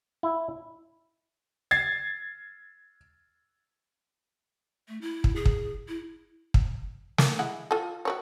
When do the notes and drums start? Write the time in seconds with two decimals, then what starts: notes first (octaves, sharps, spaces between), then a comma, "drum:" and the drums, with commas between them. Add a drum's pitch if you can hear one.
0.23 E4
1.71 G#6 A6 C7
4.88 A3
5.01 E4
5.24 drum: kick
5.36 G#4
5.46 drum: kick
5.88 E4
6.54 drum: kick
7.18 A#3, drum: snare
7.39 G#3 E4 F#5
7.71 F4 A4
8.05 F#4 B4 C#5